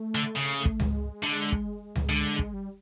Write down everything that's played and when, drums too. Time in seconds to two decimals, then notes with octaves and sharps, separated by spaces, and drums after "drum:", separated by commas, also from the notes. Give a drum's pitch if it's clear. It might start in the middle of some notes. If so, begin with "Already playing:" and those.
Already playing: A3
0.15 D3
0.36 C#3
0.65 drum: kick
0.80 G#3, drum: tom C#2
1.23 D3
1.52 drum: kick
1.96 drum: tom C#2
2.09 D3
2.39 drum: kick
2.54 G3